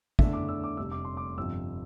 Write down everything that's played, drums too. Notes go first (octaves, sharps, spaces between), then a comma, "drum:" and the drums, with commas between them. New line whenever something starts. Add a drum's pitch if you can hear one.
E2 D3 A3 D4 E5, drum: kick
D6
E6
D6
F1 F2 C3 G3 D4 E6
D6
C6
D6
G1 F2 C3 F3 E6